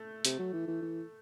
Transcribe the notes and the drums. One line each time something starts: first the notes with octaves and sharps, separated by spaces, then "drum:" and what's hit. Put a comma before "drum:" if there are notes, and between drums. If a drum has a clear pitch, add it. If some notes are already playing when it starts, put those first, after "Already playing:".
Already playing: A3
C3, drum: hi-hat
F#3
E3
E3
E3